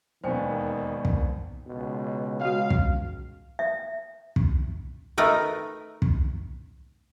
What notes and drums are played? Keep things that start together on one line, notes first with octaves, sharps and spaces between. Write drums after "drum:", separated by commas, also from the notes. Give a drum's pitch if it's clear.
E1 D#2 D#3 B3 C5 G5 G#5
drum: kick
C#2 B2
G#3 F#4 F5
drum: kick
E5
drum: kick
A3 D#4 A#4 B4
drum: kick